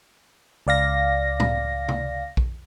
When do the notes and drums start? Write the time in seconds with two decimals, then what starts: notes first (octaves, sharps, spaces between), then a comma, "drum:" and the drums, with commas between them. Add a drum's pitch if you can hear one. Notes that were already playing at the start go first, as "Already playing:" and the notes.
0.67 C#2 D5 F5 A#6
1.40 drum: tom A2
1.89 drum: tom C3
2.37 drum: kick A#1